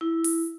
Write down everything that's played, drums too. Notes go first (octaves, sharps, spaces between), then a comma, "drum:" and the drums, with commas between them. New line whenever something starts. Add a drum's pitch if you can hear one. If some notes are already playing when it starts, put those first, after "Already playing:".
E4
drum: open hi-hat